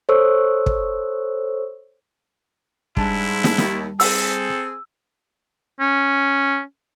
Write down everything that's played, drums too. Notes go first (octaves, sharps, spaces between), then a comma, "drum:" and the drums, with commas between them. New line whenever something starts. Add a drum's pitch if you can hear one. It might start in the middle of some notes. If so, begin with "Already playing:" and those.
A4 C5 C#5 C#6 E6
drum: kick
G#2 G3 D4 E4 A5, drum: kick
drum: snare
D#2, drum: snare
C4 G#4 A4 E6, drum: open hi-hat
C#4